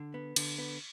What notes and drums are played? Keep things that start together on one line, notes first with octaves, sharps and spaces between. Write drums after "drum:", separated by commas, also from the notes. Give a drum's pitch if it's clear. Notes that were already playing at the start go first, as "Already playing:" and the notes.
Already playing: D3
B3
D3, drum: cymbal
B3